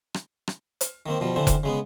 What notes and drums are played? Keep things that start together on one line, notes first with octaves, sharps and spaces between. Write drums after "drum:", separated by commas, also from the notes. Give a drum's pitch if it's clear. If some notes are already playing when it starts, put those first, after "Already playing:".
drum: rim click
drum: rim click
drum: hi-hat
D#3 A#3 C4
B2 F3 G3
D3 E3 C4 D4
drum: kick F1, hi-hat
C#3 G#3 B3